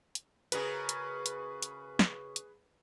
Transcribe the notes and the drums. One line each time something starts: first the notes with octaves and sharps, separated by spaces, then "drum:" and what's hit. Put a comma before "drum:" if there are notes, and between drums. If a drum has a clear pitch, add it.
drum: hi-hat
C#3 F#4 G#4 A#4 B4, drum: hi-hat
drum: hi-hat
drum: hi-hat
drum: hi-hat
drum: snare
drum: hi-hat